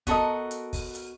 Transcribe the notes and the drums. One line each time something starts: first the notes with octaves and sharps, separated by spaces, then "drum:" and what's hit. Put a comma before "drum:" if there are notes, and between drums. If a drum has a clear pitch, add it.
B3 F#4 A4 A#4 D#5, drum: kick, hi-hat
drum: hi-hat
drum: kick, open hi-hat
drum: hi-hat